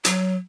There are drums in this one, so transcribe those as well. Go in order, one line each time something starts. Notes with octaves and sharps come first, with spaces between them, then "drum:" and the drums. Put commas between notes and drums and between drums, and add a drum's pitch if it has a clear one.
F#3, drum: hi-hat